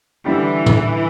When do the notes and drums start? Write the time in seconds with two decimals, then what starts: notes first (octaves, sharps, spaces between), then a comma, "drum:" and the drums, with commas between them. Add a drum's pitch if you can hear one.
0.25 D3 E3 G3 D4 G4
0.66 drum: tom